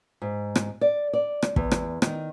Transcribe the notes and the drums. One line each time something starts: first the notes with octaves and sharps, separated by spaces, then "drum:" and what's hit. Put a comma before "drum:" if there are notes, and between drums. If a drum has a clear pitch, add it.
G#2
drum: rim click
D5
D5
drum: rim click
E2, drum: kick
drum: rim click
D#3, drum: rim click